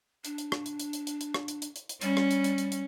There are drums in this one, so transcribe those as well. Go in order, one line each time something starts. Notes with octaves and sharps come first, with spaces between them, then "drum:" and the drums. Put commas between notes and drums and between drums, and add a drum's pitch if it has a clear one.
D4, drum: hi-hat
drum: hi-hat
drum: rim click
drum: hi-hat
drum: hi-hat
drum: hi-hat
drum: hi-hat
drum: hi-hat
drum: rim click
drum: hi-hat
drum: hi-hat
drum: hi-hat
drum: hi-hat
G3 C#4, drum: hi-hat
drum: rim click
drum: hi-hat
drum: hi-hat
drum: hi-hat
drum: hi-hat